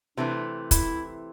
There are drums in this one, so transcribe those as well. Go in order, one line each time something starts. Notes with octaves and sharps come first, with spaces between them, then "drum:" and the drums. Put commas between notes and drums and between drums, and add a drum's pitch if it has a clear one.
C3 E3 A3 D4
E4, drum: kick, hi-hat